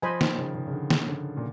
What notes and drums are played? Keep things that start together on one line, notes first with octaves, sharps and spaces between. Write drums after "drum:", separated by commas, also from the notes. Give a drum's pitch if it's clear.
F3 C5 D#5 G#5 B5
D#3, drum: snare
C#3
C#3
C#3
D3
drum: snare
D3
A#2